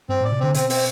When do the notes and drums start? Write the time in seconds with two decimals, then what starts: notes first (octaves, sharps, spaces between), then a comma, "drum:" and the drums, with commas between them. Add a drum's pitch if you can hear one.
0.09 G2 C4
0.21 A2 D5
0.32 C3
0.40 D3 C4
0.54 B2 C4, drum: hi-hat
0.70 C4, drum: open hi-hat